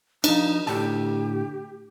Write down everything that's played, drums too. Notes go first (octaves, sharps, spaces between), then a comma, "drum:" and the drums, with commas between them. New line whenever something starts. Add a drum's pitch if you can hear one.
F3 D4 D#4, drum: cymbal
A2 D3 G4 A5